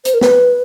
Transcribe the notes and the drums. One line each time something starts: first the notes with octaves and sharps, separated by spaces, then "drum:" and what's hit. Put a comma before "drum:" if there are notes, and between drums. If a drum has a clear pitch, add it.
C5, drum: hi-hat
A#4
B4, drum: snare